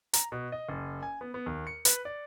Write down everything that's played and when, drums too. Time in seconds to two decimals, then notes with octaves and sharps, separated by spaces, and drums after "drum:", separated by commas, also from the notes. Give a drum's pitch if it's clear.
0.13 A#5, drum: hi-hat
0.32 B2
0.52 D#5
0.69 F#1
1.03 G#5
1.21 B3
1.34 B3
1.46 D#2
1.67 C#7
1.85 B4, drum: hi-hat
2.05 D5